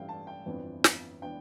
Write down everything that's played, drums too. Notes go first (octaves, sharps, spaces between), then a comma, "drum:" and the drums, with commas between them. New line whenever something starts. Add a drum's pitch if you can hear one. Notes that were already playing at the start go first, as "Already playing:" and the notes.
Already playing: A1 G2 E3 A3 F5 G5
A5
G5
G1 F2 E3 B3 D4
drum: snare
E3 B3 D4 G5